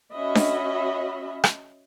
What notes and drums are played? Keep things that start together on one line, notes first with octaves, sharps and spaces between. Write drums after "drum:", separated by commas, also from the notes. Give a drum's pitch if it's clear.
C#4 F#4 D#5 E5 B5
drum: snare D4
drum: rim click